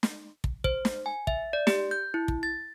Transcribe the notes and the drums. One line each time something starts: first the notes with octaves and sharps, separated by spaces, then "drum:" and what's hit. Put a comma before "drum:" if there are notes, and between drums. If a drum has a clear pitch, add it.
drum: snare
drum: kick
C5, drum: kick
drum: snare
G#5
E5, drum: kick
D5
G4, drum: snare
G6
E4
drum: kick
A6